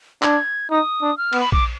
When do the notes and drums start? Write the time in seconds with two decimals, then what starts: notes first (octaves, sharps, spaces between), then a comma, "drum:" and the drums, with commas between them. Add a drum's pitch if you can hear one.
0.23 D4 G#6, drum: clap
0.70 D#4 D#6
1.02 D4
1.18 F6
1.33 B3, drum: cymbal
1.40 B5
1.52 D6, drum: kick A#1